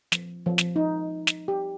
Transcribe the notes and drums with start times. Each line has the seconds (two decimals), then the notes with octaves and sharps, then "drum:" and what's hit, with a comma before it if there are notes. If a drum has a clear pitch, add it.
0.12 F3, drum: snare
0.46 F3
0.58 drum: snare
0.76 D#4
1.27 drum: snare
1.48 G4